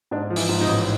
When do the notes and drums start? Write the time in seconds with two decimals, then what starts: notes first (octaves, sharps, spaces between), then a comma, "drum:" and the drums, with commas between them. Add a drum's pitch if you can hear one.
0.11 G#2 D4
0.30 F3
0.36 E3 E4, drum: open hi-hat
0.49 G#2
0.61 D#4
0.67 A1